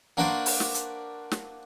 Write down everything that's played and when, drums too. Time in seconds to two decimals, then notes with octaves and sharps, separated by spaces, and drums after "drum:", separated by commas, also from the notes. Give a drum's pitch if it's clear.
0.17 A#3 D4 F#4 B4 C5 D5
0.46 drum: open hi-hat
0.60 drum: snare
0.74 drum: hi-hat
1.31 drum: snare